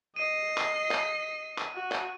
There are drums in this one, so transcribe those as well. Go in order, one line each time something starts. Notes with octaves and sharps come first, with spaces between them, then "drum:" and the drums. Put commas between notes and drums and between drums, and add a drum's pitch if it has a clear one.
D#5 C7 D#7
drum: clap
drum: clap
drum: clap
F#4
drum: clap